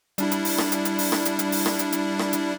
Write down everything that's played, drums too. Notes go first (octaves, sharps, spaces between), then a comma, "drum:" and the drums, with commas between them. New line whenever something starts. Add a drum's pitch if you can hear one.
G3 D4 E4, drum: hi-hat
drum: hi-hat
drum: open hi-hat
drum: rim click
drum: hi-hat
drum: hi-hat
drum: open hi-hat
drum: rim click
drum: hi-hat
drum: hi-hat
drum: open hi-hat
drum: rim click
drum: hi-hat
drum: hi-hat
drum: rim click
drum: hi-hat